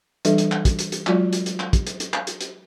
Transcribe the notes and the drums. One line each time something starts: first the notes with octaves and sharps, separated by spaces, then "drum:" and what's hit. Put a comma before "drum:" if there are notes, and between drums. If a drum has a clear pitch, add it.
E3 G3 D4 A4 E5, drum: hi-hat
drum: hi-hat
drum: clap
drum: kick, hi-hat
drum: hi-hat
drum: hi-hat
F#3 G#3 F4 F#4 D5, drum: clap
drum: hi-hat
drum: hi-hat
drum: clap
drum: kick, hi-hat
drum: hi-hat
drum: hi-hat
drum: clap
drum: hi-hat
drum: hi-hat